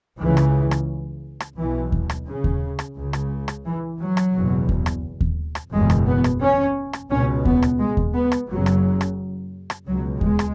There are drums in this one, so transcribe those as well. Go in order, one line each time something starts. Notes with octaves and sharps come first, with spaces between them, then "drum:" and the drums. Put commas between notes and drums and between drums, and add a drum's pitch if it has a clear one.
C#2 C#3 E3
drum: rim click
drum: rim click
drum: rim click
B1 B2 E3
drum: kick D#2
drum: rim click
C#3
drum: kick D#2
drum: rim click
C#2 C#3
drum: rim click
drum: rim click
E3
F#3
drum: rim click
F#1 E2 B2
drum: kick D#2
drum: rim click
drum: kick D#2
drum: rim click
F#1 E2 B2 G#3
drum: rim click
B3
drum: rim click
C#4
drum: rim click
C#2 B2 C#4
B3, drum: kick D#2
drum: rim click
G#3
drum: kick D#2
B3
drum: rim click
F#1 F#2 C#3 F#3
drum: rim click
drum: rim click
drum: rim click
C#2 B2 F#3
G#3, drum: kick D#2
drum: rim click